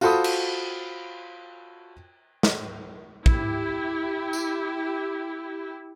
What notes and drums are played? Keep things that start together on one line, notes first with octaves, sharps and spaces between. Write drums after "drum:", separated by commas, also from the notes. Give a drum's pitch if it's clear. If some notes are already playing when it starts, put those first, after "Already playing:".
F4 F#4 A4 C5 B5 D#6, drum: tambourine
drum: cymbal
drum: snare
E4 G4, drum: kick
drum: tambourine